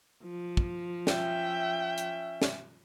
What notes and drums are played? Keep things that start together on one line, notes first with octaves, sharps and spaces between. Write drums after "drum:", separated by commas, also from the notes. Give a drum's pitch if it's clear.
F3
drum: kick
C#4 E5 G5, drum: snare
drum: hi-hat
drum: snare